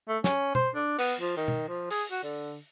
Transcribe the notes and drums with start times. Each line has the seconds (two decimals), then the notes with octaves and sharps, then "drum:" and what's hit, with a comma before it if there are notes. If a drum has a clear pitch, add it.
0.08 A3
0.24 C#4, drum: snare
0.55 C5, drum: tom B2
0.75 D4
0.98 B3, drum: cymbal
1.20 F3
1.37 D#3
1.48 drum: tom B2
1.68 F3
1.90 G#4, drum: open hi-hat
2.11 F#4
2.23 D3